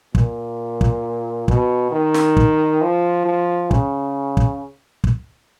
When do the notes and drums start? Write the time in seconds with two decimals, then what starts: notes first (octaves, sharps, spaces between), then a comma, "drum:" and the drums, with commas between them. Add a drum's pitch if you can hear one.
0.15 A#2, drum: kick
0.81 drum: kick
1.48 B2, drum: kick
1.92 D#3
2.14 drum: snare
2.37 drum: kick
2.82 F3
3.25 F3
3.71 C#3, drum: kick
4.37 drum: kick
5.04 drum: kick